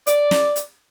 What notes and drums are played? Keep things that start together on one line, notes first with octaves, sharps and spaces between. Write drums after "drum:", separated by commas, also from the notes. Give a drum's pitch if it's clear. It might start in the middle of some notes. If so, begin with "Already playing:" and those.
D5, drum: hi-hat
drum: snare
drum: hi-hat